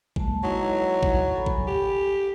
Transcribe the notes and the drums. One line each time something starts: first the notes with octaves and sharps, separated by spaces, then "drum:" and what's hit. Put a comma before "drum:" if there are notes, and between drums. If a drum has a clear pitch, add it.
G#3 A#3 A5, drum: kick A1
F#3 D#4 E4 D#5
drum: kick A1
A4 G#5 B5
drum: kick A1
G4